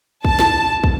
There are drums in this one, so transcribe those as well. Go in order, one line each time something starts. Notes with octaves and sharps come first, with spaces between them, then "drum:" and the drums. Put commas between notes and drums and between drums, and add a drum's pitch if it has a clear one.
A5, drum: kick
drum: snare
drum: kick